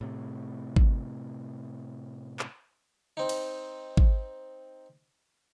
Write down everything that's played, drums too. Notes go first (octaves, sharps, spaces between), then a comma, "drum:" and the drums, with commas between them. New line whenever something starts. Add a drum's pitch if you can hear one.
A2 C3
drum: kick
drum: clap
C4 D#4
drum: cymbal
drum: kick